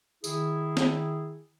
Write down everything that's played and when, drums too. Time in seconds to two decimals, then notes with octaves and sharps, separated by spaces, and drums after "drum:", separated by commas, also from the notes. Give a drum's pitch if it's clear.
0.24 D#3 E4 G#4, drum: tambourine
0.77 drum: snare